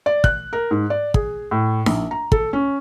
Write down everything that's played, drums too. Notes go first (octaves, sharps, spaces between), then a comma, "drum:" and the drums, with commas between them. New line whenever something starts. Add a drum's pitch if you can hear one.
D5
F#6, drum: kick
A#4
G#2
D5
G#4, drum: kick
A2
A#1, drum: snare D#4
A#5
A4, drum: kick
C#4